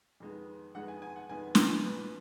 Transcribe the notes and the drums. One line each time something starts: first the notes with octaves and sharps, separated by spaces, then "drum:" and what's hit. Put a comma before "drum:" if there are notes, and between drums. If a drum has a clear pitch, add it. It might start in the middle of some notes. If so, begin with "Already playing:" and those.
F2 D#3 G#3 B3
F2 D#3 G#3 B3 F#5
G#5
G#5
F#5
F2 D#3 G#3 B3 G#5
drum: snare
A#1 A#2 F3 B4